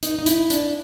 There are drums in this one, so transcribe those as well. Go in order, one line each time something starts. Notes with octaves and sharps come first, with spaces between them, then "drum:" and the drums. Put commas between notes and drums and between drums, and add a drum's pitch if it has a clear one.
D#4, drum: hi-hat
D#4
E4, drum: hi-hat
D4, drum: hi-hat